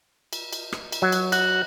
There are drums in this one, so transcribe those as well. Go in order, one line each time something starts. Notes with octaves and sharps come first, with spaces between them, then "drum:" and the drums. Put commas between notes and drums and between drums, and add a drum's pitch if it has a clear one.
drum: cymbal
drum: cymbal
drum: rim click
drum: cymbal
F#3
drum: cymbal
F#4 F#5, drum: cymbal